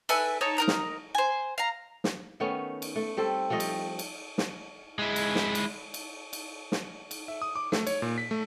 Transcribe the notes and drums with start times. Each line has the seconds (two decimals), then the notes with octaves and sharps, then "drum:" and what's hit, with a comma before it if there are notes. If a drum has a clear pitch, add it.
0.09 A4 B4 E5 G#5, drum: cymbal
0.41 D#4 A4 C#5
0.58 D#4 A#4 A#5
0.68 drum: snare
1.15 C5 G#5
1.58 F5 A#5
2.04 drum: snare
2.40 D#3 A3 B3 C#4
2.82 drum: cymbal
2.96 A3
3.17 G3 C4 A4
3.50 F3 G3 A3 D#5
3.60 drum: cymbal
3.99 drum: cymbal
4.38 drum: snare
4.99 G#3 E4
5.16 drum: cymbal
5.35 drum: snare
5.55 drum: cymbal
5.94 drum: cymbal
6.33 drum: cymbal
6.72 drum: snare
7.11 drum: cymbal
7.28 E5
7.42 D#6
7.56 D6
7.72 A3, drum: snare
7.87 C#5, drum: cymbal
8.02 A#2
8.18 B6
8.31 A3